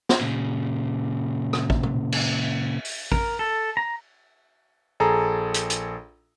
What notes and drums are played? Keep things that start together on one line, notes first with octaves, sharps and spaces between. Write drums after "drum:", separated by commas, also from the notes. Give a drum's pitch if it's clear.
drum: snare
A#2 C#3
drum: rim click
drum: kick A1
drum: tom
drum: cymbal
drum: open hi-hat
A#4, drum: kick A1
A4
A#5
A#1 G#4 A4 A#5
drum: hi-hat
drum: hi-hat